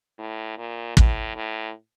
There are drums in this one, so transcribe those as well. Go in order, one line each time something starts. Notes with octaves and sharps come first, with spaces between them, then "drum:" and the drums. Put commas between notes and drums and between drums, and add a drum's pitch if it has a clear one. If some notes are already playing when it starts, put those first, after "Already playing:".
A2
A#2
A2, drum: kick
A2